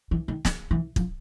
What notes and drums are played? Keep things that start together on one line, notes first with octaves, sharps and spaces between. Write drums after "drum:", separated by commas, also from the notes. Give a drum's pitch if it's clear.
E3
D#3
drum: snare
E3
F3, drum: kick